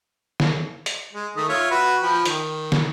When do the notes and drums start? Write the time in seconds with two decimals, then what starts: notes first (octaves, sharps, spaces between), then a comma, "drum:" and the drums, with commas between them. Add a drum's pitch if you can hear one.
0.40 drum: snare
0.86 drum: hi-hat
1.13 G#3
1.36 D#3 A3 D#5
1.49 F4 C#5 E5
1.71 F#4 B4
2.02 F3 G5 B5
2.25 D#3, drum: hi-hat
2.72 drum: snare